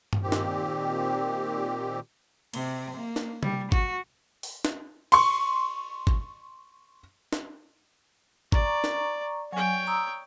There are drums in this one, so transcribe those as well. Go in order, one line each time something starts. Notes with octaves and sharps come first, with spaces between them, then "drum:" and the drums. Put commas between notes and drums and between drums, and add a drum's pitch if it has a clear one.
drum: tom G2
A#2 D#3 C4 G4
drum: snare
C3, drum: cymbal
A#3
drum: snare
G3, drum: tom C3
F#4, drum: kick
drum: open hi-hat
drum: snare
C6 C#6, drum: cymbal
drum: kick
drum: snare
D5 A#5 C#6, drum: kick
drum: snare
F#3 C#5 G5 G#5
A#5 D#6 E6